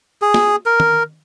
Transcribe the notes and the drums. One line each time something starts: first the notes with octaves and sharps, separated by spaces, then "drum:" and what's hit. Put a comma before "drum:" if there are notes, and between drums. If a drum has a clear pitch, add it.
G#4
drum: snare
A#4
drum: tom D#3